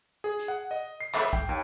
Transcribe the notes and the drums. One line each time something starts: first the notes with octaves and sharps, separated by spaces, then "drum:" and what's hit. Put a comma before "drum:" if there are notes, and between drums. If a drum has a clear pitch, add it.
G#4
drum: hi-hat
F#5
D#5
C7
E5, drum: clap
G5, drum: kick, hi-hat
D#2